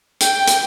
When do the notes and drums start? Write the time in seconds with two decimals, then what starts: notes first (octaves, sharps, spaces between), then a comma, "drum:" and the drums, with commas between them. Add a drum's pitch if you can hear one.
0.20 G5, drum: hi-hat
0.47 drum: hi-hat